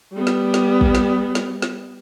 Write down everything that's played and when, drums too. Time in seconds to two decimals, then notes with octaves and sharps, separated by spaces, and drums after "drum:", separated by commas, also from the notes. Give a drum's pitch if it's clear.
0.13 G3 B3
0.27 drum: snare
0.54 drum: snare
0.81 drum: kick
0.95 drum: snare
1.35 drum: snare
1.62 drum: snare